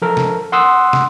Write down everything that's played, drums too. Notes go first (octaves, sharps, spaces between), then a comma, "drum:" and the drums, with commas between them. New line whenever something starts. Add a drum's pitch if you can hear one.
F3 A4 A#4
drum: snare
F#5 C6 D#6 E6 F#6
drum: snare